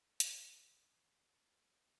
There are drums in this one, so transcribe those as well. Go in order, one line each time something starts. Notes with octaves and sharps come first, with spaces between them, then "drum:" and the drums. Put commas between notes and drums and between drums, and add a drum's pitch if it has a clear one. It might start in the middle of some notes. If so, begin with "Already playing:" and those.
F5, drum: hi-hat
D#3 C#5 C#6 A#6 C7
E6 F6 C7 F7
A#3 C7